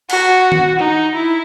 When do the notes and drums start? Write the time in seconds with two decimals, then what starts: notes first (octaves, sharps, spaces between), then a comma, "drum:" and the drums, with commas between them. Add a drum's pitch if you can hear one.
0.10 F#4, drum: cymbal
0.52 drum: tom D#3
0.79 D#4
1.14 E4